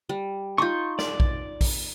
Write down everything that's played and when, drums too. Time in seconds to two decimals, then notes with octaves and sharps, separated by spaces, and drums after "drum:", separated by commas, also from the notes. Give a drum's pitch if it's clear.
0.09 G3
0.58 D#4 F4 C#6 G6
0.99 D5, drum: snare
1.20 drum: kick A#1
1.61 drum: kick A#1, open hi-hat